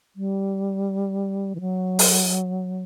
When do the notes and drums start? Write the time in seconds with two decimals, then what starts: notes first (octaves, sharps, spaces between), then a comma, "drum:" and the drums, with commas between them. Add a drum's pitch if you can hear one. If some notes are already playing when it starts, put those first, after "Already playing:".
0.16 G3
1.55 E3
1.61 F#3
1.99 drum: open hi-hat